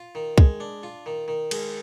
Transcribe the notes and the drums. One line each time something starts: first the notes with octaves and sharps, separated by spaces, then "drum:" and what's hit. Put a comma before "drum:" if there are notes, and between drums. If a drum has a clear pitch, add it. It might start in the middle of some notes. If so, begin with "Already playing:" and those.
Already playing: F4
D#3
G#3, drum: kick
D4
F4
D#3
D#3
G#3, drum: cymbal